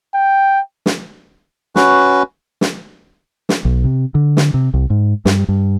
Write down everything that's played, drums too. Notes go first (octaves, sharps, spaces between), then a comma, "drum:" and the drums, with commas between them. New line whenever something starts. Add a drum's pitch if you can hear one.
G5
drum: snare
C#4 F#4 B4, drum: snare
drum: snare
drum: snare
B1
C3
D3
drum: snare
C3
C2
G#2
G2, drum: snare
G2